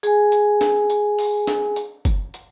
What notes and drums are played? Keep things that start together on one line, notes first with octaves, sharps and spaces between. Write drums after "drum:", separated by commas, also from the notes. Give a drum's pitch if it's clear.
G#4 G#5, drum: hi-hat
drum: hi-hat
drum: snare
drum: hi-hat
drum: open hi-hat
drum: snare
drum: hi-hat
drum: kick F#1, hi-hat
drum: hi-hat